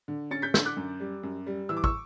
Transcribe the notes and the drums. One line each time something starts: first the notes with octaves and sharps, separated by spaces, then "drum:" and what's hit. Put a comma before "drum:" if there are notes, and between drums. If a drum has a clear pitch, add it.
D3
C#4 A6 C#7
G6 B6
D3 E6 G6, drum: snare
D6 F#6
F#2
G3
F#2
G3
E3 E6
D6
C#6 E6, drum: kick